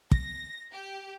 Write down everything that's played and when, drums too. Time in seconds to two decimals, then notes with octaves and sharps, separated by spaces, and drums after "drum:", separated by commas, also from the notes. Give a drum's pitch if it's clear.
0.11 A#6, drum: kick
0.73 G4